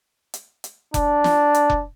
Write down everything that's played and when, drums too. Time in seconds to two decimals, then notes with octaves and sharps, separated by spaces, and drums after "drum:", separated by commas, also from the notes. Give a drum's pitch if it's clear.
0.34 drum: hi-hat
0.64 drum: hi-hat
0.94 D4, drum: kick F1, hi-hat
1.24 drum: snare
1.54 drum: hi-hat
1.70 drum: kick F1